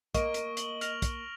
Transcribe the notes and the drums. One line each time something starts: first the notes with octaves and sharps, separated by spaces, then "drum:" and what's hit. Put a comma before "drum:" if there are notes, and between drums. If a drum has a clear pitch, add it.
A#3 D#5 C#6 D7, drum: kick, hi-hat
drum: hi-hat
F#7 G7, drum: hi-hat
F6 A#6 F7, drum: hi-hat
drum: kick, hi-hat